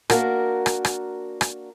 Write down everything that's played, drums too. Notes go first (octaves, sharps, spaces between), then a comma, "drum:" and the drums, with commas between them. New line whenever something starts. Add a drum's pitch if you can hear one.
A#3 D4 F#4 A#4, drum: rim click
drum: rim click
drum: rim click
drum: rim click